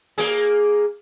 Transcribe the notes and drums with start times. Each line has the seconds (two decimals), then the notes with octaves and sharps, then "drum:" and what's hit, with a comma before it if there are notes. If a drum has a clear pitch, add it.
0.18 A#3 G#4, drum: open hi-hat